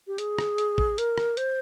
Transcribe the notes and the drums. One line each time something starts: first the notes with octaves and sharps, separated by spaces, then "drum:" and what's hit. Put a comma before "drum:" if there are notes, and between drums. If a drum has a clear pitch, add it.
G4
G#4, drum: hi-hat
drum: rim click
drum: hi-hat
drum: kick A1
A#4, drum: hi-hat
drum: rim click
C5, drum: hi-hat